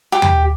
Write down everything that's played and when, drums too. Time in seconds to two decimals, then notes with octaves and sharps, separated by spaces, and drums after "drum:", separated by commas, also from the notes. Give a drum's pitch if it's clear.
0.12 G4
0.22 drum: tom D#2